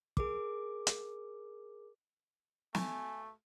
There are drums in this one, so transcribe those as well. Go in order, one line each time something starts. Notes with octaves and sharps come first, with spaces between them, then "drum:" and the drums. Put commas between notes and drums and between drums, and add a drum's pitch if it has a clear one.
G#4 A#4 D6, drum: kick
drum: hi-hat
A3 G#5, drum: snare